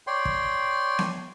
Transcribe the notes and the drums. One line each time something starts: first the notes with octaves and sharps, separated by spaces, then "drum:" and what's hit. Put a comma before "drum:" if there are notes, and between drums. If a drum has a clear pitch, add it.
C#5 D5 G5 C6
drum: kick
drum: snare B3